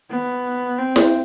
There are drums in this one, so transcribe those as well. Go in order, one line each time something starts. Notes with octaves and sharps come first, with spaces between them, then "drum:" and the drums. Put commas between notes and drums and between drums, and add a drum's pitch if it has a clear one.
B3
C4
drum: snare E4